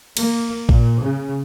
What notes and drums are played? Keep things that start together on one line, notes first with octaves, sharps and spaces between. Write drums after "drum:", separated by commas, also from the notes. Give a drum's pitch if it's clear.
A#3, drum: cymbal
A#2, drum: kick A1
C#3